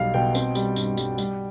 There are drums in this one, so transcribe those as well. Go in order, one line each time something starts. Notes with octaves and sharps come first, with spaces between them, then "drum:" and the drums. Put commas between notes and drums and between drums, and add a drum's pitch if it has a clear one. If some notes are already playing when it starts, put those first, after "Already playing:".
Already playing: B1 B2 G3 F5
B2 G5
C4, drum: tambourine
G3, drum: tambourine
G2, drum: tambourine
G3, drum: tambourine
G3, drum: tambourine